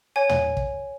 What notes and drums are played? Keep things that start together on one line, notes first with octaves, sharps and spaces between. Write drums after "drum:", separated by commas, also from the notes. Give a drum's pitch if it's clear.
C#5 G#5
drum: tom
drum: kick